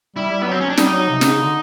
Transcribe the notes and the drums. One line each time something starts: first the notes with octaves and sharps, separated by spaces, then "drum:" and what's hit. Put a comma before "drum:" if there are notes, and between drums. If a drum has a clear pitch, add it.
G3 E4
G3
B3
F#3 C4
C#4
D4
G3 D#4, drum: snare
F#3
C3
C3, drum: snare
C#3
D3